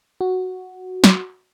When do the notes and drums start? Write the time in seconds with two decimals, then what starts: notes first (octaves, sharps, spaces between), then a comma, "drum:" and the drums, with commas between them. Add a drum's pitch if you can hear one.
0.21 F#4
1.04 drum: snare